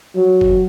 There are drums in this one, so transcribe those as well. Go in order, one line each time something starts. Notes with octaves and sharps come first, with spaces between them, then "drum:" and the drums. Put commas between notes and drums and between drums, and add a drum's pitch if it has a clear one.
F#3
drum: kick F#1